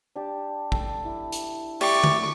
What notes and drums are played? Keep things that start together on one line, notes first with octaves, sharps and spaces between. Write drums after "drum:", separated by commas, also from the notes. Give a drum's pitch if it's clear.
D4 G4 A5
A4, drum: kick
E4
drum: hi-hat
G4 D5 E5 C#6, drum: cymbal
drum: tom D3